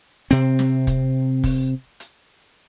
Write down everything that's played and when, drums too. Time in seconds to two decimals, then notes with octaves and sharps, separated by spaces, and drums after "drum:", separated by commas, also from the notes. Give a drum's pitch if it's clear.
0.31 C3 C4, drum: hi-hat
0.59 drum: snare
0.87 drum: kick, hi-hat
1.44 drum: kick, open hi-hat
2.00 drum: hi-hat